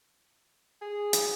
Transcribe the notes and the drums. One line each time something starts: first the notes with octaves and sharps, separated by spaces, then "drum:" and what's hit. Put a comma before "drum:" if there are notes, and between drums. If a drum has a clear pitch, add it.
G#4
drum: hi-hat